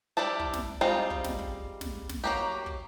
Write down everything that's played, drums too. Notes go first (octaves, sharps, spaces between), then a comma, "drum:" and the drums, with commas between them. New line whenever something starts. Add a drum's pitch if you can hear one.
G3 D4 E4 E5 A5
drum: kick
drum: snare
G3 G#3 C4 D#4 F4
drum: kick
drum: snare
drum: kick
drum: snare
drum: snare
F#3 A#3 G4
drum: kick